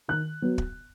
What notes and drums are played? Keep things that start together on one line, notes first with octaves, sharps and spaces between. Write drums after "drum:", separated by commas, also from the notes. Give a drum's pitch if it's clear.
D#3 F#6
F#3 B3
drum: kick